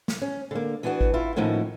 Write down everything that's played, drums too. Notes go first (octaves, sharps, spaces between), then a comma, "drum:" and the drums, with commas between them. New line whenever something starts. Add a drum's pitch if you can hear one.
drum: snare
C#4
D3 A#3
E3 B3 D4 E4 F#4
drum: kick G#1
E4 F4
A2 D#3 F3 A#3 C#4 F#5